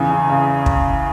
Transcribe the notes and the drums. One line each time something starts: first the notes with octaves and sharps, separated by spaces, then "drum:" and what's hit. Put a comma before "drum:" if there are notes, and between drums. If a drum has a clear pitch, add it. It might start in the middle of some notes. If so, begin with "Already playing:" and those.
Already playing: E2 C#3 G#5
C#3
C#3
drum: kick